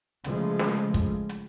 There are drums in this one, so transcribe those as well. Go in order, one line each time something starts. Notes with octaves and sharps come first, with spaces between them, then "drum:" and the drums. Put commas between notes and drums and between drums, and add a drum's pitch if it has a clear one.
C#3 F3 G#3 A3, drum: hi-hat
drum: snare
drum: kick, hi-hat
drum: hi-hat